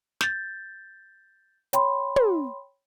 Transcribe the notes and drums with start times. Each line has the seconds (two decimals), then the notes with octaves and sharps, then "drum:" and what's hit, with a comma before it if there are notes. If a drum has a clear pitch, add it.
0.21 G6 A6, drum: snare
1.73 C#5 G5 B5 C6, drum: hi-hat
2.16 drum: tom